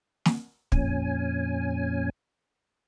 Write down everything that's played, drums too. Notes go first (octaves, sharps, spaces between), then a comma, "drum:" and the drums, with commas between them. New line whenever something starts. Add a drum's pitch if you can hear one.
drum: snare
F2 A#2 C#4 G#5, drum: kick